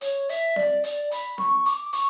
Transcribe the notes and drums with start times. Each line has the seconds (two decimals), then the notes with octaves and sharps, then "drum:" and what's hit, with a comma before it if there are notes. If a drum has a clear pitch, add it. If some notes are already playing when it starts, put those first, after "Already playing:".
0.01 C#5, drum: hi-hat
0.29 E5, drum: hi-hat
0.56 D5, drum: snare C4
0.84 D5, drum: hi-hat
1.11 B5, drum: hi-hat
1.38 C#6, drum: snare C4
1.66 D6, drum: hi-hat
1.93 C#6, drum: hi-hat